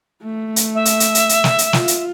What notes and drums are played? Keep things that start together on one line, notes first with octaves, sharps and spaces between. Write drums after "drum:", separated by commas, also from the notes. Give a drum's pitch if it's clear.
A3
drum: hi-hat
E5
drum: hi-hat
drum: hi-hat
drum: hi-hat
drum: hi-hat
drum: snare
drum: hi-hat
F4, drum: snare
drum: hi-hat